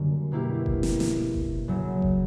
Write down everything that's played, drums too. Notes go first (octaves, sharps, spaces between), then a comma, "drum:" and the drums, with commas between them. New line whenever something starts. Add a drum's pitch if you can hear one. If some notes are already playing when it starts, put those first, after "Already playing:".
Already playing: F#2 D3 G3 A#3
B2 A#3 E4 G4
drum: kick F#1
drum: snare
drum: snare
drum: kick F#1
F#2 C#3 F#3
drum: kick F#1